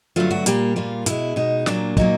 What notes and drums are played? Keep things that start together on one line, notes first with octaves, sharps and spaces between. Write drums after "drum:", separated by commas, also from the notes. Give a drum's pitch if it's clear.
G2 D3 F#3 A3 F4
F#4
A#2 G3 A#3 G4, drum: hi-hat
A#2 G3 A#3 F4
B2 G#3 E4, drum: hi-hat
B2 G#3 D#4
A#2 F#3 A#3 D4, drum: snare
A#2 F#3 A#3 D#4, drum: kick